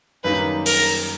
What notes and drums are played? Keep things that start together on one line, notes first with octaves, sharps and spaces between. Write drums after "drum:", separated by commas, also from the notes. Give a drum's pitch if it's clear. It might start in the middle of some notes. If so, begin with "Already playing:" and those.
F#2 D#3 G3 A#3 D#4 B4
A#4, drum: open hi-hat